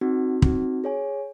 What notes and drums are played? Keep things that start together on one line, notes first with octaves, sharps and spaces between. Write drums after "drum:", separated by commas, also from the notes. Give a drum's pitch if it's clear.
C4 D#4 F#4
C4 D#4 F#4, drum: kick
G#4 C#5 G#5